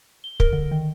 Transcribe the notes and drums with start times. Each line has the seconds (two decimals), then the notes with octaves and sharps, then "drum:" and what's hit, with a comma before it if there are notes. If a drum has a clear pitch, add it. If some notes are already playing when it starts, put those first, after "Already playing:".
0.24 G7
0.40 A#4, drum: kick
0.53 D3
0.71 D#3